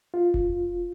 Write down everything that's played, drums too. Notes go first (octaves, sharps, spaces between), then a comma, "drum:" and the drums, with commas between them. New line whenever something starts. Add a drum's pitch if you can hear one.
F4
drum: kick F1